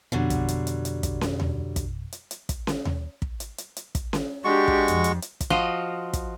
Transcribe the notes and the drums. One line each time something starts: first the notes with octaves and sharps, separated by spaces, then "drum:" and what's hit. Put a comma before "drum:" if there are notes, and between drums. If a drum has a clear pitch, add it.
F2 B2 D3 F#3 G3
drum: kick, hi-hat
drum: hi-hat
drum: hi-hat
drum: hi-hat
drum: kick, hi-hat
drum: snare C#4
drum: tom D#2
drum: kick, hi-hat
drum: hi-hat
drum: hi-hat
drum: kick, hi-hat
drum: snare C#4
drum: tom D#2
drum: kick
drum: hi-hat
drum: hi-hat
drum: hi-hat
drum: kick, hi-hat
drum: snare C#4
G#3 D4 F#4 G4 C#6
drum: kick
F2, drum: hi-hat
drum: hi-hat
drum: hi-hat
drum: kick, hi-hat
F3 F4 F#4 D#5
drum: kick, hi-hat